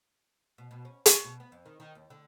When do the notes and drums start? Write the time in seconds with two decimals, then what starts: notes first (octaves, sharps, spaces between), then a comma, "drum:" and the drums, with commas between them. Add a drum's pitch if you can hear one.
0.58 B2
0.71 B2
0.85 C#4
1.06 D3, drum: hi-hat
1.24 B2
1.40 B3
1.52 F2
1.66 D#3
1.80 D#3
1.95 D#2
2.10 D3